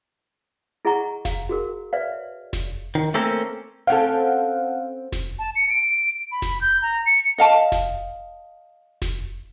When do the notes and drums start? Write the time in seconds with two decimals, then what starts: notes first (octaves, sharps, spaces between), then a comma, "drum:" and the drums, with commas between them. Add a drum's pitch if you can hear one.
0.85 E4 G#4 D#5 F#5 A#5 C#6
1.25 F5, drum: snare F1
1.49 F#4 G#4 A#4
1.93 B4 C#5 D5 E5 F5
2.53 drum: snare F1
2.95 D#3
3.14 A3 A#3 C4 C#4 A4 A#4
3.87 C4 C#4 A4 F5 F#5
5.12 drum: snare F1
5.39 A5
5.56 C#7
5.70 D7
6.32 B5
6.42 drum: snare F1
6.61 G6
6.82 A#5
7.06 C#7
7.38 D#5 F5 A5
7.72 drum: snare F1
9.02 drum: snare F1